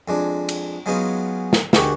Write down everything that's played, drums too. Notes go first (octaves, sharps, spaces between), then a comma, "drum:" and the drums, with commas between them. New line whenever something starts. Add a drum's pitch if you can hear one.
F2 G#3 D4
drum: cymbal
F#3 G#3 B3 C#4 D#4 F4
drum: snare
D2 D#3 G#3 F#4 G4 C#6, drum: snare